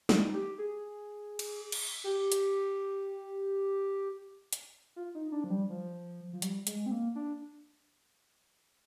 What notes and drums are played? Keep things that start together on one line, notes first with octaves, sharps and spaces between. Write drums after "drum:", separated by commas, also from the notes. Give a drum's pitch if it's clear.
D#4, drum: snare
G4
G#4
drum: cymbal
drum: cymbal
G4
drum: hi-hat
drum: hi-hat
F4
D#4
D4
F3
G3
F3
F3
G3, drum: hi-hat
G#3, drum: hi-hat
C4
A#3
D4